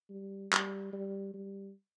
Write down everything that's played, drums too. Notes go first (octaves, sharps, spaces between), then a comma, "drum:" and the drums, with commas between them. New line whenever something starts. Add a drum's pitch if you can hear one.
G3
G3, drum: clap
G3
G3